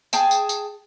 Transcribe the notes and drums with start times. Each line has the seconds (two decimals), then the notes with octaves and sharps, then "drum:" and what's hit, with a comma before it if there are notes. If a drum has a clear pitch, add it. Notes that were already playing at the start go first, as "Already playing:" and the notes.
0.13 G#4 G5 A5, drum: tambourine
0.31 drum: tambourine
0.49 drum: tambourine